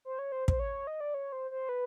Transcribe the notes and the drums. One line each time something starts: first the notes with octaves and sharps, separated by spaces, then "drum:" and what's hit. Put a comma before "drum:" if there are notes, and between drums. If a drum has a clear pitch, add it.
C5
C#5
C5
C5, drum: kick
C#5
D#5
D5
C#5
C5
C5
B4